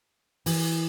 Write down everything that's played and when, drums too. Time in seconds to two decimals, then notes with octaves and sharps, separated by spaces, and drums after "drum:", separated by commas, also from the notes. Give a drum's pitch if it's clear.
0.46 E3, drum: open hi-hat